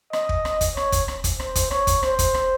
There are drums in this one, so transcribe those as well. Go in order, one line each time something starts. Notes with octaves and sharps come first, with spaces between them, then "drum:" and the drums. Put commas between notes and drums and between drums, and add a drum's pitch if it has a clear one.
D#5, drum: rim click
drum: kick
drum: rim click
drum: kick, hi-hat
C#5, drum: rim click
drum: kick, hi-hat
drum: rim click
drum: kick, hi-hat
C5, drum: rim click
drum: kick, hi-hat
C#5, drum: rim click
drum: kick, hi-hat
C5, drum: rim click
drum: kick, hi-hat
drum: rim click